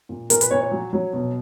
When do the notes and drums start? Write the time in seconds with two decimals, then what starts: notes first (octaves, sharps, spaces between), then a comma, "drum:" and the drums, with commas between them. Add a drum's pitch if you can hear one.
0.09 A#2
0.30 A#2 A#4, drum: hi-hat
0.41 B4, drum: hi-hat
0.51 A#2 C#5
0.61 C#5
0.72 F#3
0.93 F#3
1.13 B2